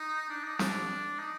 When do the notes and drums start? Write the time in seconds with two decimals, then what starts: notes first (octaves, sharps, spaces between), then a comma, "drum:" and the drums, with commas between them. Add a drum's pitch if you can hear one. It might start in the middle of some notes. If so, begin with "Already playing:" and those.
Already playing: D#4
0.29 D4
0.44 D#4
0.59 D4, drum: snare
1.19 D#4